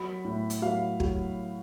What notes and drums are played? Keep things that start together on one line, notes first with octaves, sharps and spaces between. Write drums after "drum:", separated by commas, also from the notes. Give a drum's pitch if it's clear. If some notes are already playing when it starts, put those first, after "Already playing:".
Already playing: F#3 B5
A2
drum: hi-hat
F#3 F5
F#3, drum: kick